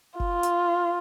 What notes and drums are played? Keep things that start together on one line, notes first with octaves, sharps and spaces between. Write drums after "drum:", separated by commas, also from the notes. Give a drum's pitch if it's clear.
F4, drum: kick F#1
drum: hi-hat